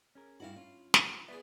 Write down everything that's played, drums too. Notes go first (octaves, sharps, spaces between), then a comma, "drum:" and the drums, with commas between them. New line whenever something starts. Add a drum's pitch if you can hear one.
C#4 G#4 A#4
G2 E4 F#4 F5 B5
C#4 F4
A#4, drum: snare
B3 G#4 B4 D5 E5